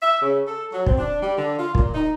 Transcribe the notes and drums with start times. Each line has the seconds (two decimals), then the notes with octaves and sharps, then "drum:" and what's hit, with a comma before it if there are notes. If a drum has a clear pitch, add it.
0.02 E5
0.21 C#3
0.48 A4
0.72 F#3
0.86 C4, drum: kick
0.98 D4
1.22 G3
1.37 D3
1.58 F4
1.75 A#2, drum: kick
1.94 D#4